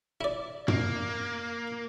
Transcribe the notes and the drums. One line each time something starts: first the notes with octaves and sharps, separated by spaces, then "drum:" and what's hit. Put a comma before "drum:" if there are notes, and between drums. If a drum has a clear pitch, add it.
E4 D5
A#3, drum: tom